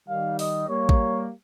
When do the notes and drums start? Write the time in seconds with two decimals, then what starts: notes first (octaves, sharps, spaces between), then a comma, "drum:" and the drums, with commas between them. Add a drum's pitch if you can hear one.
0.09 D#3 G3 F5
0.39 D#5, drum: open hi-hat
0.68 G3 A#3 C#5
0.89 drum: kick A1